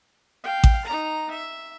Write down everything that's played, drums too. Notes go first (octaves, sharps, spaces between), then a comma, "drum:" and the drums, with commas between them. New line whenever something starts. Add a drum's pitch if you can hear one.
F5 G5
drum: kick A1
D#4 A#5
E5